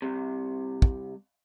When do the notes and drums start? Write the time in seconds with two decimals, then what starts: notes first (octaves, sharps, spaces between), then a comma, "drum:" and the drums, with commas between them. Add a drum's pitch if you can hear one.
0.02 C2 C3
0.82 drum: kick